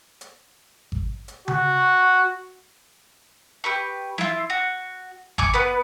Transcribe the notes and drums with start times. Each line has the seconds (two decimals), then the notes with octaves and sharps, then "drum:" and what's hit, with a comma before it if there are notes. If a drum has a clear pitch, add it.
0.21 drum: hi-hat
0.92 drum: kick G#1
1.28 drum: hi-hat
1.48 F#4, drum: tom C#3
3.64 G4 B4 C#6
4.18 E4 F4, drum: snare
4.50 F#4
5.38 G#5 C#6 D6, drum: kick G#1
5.54 B3 B4